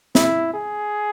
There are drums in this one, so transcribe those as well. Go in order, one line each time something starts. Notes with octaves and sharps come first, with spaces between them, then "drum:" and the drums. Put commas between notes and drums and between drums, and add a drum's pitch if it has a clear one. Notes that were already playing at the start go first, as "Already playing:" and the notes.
E4, drum: snare
G#4